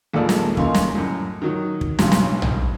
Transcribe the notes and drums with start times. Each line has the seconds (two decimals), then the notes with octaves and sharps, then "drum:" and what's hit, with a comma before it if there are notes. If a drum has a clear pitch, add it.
0.14 A#1 D#2 G#3 A4 D5
0.29 drum: snare
0.57 C#3 E3 A#3 D#4 C6, drum: kick
0.74 drum: snare
0.95 F#2 A2
1.42 D#3 F#3
1.81 drum: kick
1.99 B1 G2 C#3 E3 F#3 C6, drum: snare
2.12 drum: snare
2.42 drum: tom A#1